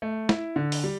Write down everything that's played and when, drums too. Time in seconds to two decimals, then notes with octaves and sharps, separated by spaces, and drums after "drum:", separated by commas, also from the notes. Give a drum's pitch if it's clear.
0.02 A3
0.29 E4, drum: snare
0.56 D3
0.72 drum: open hi-hat
0.84 G3